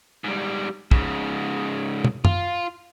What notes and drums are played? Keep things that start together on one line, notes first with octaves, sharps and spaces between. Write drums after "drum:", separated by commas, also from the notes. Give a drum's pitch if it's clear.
G#2 G3
G#2 C#3, drum: kick
drum: tom
F4, drum: tom